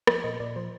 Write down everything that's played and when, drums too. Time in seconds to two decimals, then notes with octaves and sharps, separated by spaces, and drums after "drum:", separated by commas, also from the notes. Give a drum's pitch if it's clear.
0.07 F3 D#5, drum: rim click
0.24 A#2 D#5
0.40 A#2 D5
0.56 F3 C5